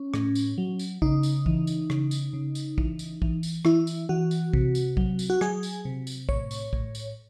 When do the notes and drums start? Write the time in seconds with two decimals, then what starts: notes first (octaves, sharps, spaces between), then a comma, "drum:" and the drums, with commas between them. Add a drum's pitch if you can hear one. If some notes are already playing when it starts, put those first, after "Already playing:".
Already playing: C#4
0.14 A2, drum: rim click
0.35 drum: tambourine
0.58 F#3
0.79 drum: tambourine
1.02 C#3 D#4, drum: kick
1.23 drum: tambourine
1.46 E3, drum: kick
1.67 drum: tambourine
1.90 C#3, drum: rim click
2.11 drum: tambourine
2.33 C#3
2.55 drum: tambourine
2.78 E3, drum: kick
2.99 drum: tambourine
3.22 E3, drum: kick
3.43 drum: tambourine
3.65 E3 E4, drum: rim click
3.87 drum: tambourine
4.09 E3 F#4
4.31 drum: tambourine
4.53 C3, drum: kick
4.75 drum: tambourine
4.97 F#3, drum: kick
5.19 drum: tambourine
5.30 F#4
5.41 F#3 G#4, drum: rim click
5.63 drum: tambourine
5.85 C3
6.07 drum: tambourine
6.29 A2 C#5, drum: kick
6.51 drum: tambourine
6.73 A2, drum: kick
6.95 drum: tambourine